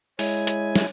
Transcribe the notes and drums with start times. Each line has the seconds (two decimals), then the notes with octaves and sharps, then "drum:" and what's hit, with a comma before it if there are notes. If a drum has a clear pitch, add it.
0.19 G#3 E4 C#5 G#5, drum: open hi-hat
0.47 drum: hi-hat
0.76 drum: snare